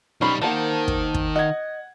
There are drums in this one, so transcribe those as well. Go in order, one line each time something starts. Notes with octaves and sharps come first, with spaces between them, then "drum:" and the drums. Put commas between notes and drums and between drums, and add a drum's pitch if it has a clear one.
B1 G3 C#4 D#4 C5 B5
D#3 A#3 C5 F#5 A5
drum: kick
drum: kick
D#5 F#5 G#6